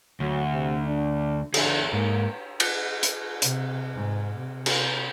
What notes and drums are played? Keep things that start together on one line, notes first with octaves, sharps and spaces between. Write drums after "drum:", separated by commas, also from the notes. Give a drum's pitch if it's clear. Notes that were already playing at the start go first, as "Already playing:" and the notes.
D2 F#3
C3
D4
D3 G#4 E5, drum: cymbal
G#2 A#3
drum: cymbal
drum: hi-hat
C3, drum: hi-hat
G#2
C3
drum: cymbal